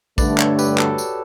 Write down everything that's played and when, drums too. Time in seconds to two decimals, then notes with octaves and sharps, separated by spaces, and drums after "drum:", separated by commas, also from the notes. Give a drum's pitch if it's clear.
0.18 G2 D3 A3 B4 D5, drum: kick A#1, tambourine
0.38 A4 C#5, drum: clap
0.59 G4 B4, drum: tambourine
0.78 F#4 A4, drum: clap
0.98 drum: tambourine